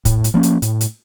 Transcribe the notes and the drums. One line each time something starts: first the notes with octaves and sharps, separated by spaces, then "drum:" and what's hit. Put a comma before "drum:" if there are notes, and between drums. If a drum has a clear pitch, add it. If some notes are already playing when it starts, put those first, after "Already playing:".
A2, drum: kick, hi-hat
drum: hi-hat
F3 A#3 C#4
drum: hi-hat
A2, drum: hi-hat
drum: hi-hat